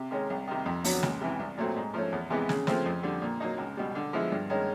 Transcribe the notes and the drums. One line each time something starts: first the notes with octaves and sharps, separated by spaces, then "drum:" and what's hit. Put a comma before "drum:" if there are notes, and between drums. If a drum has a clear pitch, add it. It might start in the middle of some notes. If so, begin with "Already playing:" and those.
Already playing: C3
D#3 G#3 C#4
C2
C3 D#3
F2
D3 F#3 B3, drum: open hi-hat
C#2, drum: snare
C3 E3
C2
A#2 F#3 A3 C4
G#2
F3 A3 C#4
E2
C3 E3 G#3 B3
C#3, drum: snare
F3 A3 C4, drum: snare
F2
D3 G3
A#2
F#3 A#3 D#4
C#2
B2 G3
D3
F3 G#3 B3 E4
G2
D#3 G#3 C#4